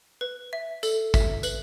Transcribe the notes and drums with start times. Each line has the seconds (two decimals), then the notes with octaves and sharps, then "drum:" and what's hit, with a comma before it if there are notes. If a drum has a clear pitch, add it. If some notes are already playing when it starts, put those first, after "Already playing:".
0.21 B4
0.53 E5
0.83 A4, drum: tambourine
1.14 E5, drum: kick, tambourine
1.43 B4 F#7, drum: tambourine